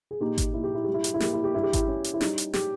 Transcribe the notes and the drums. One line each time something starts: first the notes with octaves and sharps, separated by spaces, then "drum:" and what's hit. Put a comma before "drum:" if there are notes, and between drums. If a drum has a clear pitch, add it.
G#4
A#2 D#4 G4
drum: kick G#1, hi-hat
A#2 E4
G4
E4
G3 G4
E4
G4, drum: hi-hat
E4
A#3 G4, drum: snare
E4
G4
G2 E4
G4
E4, drum: kick G#1, hi-hat
C#4
drum: hi-hat
E4
G3 D#4, drum: snare
drum: hi-hat
G4, drum: snare